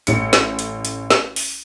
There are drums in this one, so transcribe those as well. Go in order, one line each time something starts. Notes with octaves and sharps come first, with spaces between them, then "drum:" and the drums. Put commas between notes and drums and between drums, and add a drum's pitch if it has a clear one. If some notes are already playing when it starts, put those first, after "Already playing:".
A1 C#7, drum: hi-hat
drum: snare
drum: hi-hat
drum: hi-hat
drum: snare
drum: open hi-hat